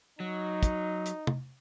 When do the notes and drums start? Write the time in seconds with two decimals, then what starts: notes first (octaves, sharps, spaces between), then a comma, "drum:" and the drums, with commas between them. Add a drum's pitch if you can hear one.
0.19 F#3 D#4
0.63 drum: kick, hi-hat
1.06 drum: hi-hat
1.27 drum: tom